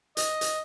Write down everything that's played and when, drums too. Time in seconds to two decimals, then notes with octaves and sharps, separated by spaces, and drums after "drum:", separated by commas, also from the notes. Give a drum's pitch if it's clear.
0.17 D#5, drum: hi-hat
0.41 drum: hi-hat